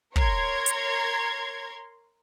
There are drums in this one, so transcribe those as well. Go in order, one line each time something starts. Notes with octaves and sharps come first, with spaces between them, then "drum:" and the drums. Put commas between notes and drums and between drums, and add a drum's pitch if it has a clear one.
A#4 C#5 A#5 C6 G#6, drum: kick
drum: hi-hat